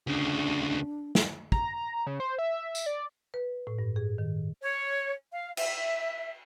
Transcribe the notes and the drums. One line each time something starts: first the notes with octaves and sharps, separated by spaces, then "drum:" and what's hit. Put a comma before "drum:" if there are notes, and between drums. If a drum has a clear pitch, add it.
D2 C#3 D4
drum: snare
A#5, drum: kick
C#3
C5
E5
drum: tambourine
D5
B4
A2
G2
G#4
D#3
C#5
F5
E5, drum: cymbal